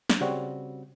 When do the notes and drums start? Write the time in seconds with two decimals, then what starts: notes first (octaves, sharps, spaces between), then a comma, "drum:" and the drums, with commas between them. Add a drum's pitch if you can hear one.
0.10 drum: snare
0.21 C#3 G3 C4 F#4